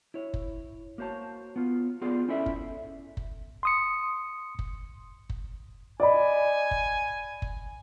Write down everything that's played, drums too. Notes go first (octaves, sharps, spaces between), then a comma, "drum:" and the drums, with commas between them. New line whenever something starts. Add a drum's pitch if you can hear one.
E4 C#5
drum: kick F#1
A#3 F#4 C5 C#5 A5
B3 F4
B3 F4 G4 G#4 D5
C#4 E4 A4 C5 D5 E5
drum: kick F#1
drum: kick F#1
C6 D#6 C#7
drum: kick F#1
drum: kick F#1
D5 D#5 G#5 B5
drum: kick F#1
drum: kick F#1